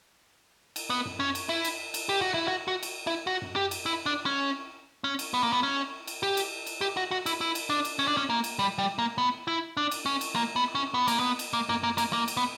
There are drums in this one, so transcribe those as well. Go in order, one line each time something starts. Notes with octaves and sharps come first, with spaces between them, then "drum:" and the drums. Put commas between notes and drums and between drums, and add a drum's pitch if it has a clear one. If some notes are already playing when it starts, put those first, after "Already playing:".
drum: cymbal
B3
drum: tom F#2
C#4
drum: cymbal
E4
drum: cymbal
drum: cymbal
G4
F#4
E4
F#4
F#4
drum: cymbal
E4
F#4
drum: tom F#2
G4
drum: cymbal
E4
D4
C#4
C#4
drum: cymbal
B3
A#3
B3
C#4
drum: cymbal
G4
drum: cymbal
drum: cymbal
G4
F#4
F#4
E4, drum: cymbal
E4
drum: cymbal
D4
drum: cymbal
C#4
D4
C#4
A#3
drum: cymbal
G3
G3
A#3
B3
E4
D4
drum: cymbal
C#4
drum: cymbal
A#3
B3
C#4
B3
A#3, drum: cymbal
B3
drum: cymbal
A#3
A#3, drum: tom F#2
A#3
A#3, drum: cymbal
A#3
drum: cymbal
B3